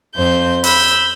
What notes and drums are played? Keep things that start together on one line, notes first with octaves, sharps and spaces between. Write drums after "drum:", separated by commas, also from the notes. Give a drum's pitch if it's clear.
F2 C5 G6
B5 E6 G6, drum: open hi-hat